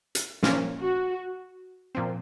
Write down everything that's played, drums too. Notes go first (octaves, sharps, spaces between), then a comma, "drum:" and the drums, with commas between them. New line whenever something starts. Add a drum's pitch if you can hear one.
drum: hi-hat
A#2 F3 A#3 C#4, drum: snare
F#4
A#2 F3 C4